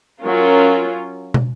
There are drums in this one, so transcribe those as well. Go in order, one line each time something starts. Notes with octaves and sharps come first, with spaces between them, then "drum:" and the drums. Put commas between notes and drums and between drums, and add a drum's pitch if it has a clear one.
F#3 C#4 F4 A#4
drum: tom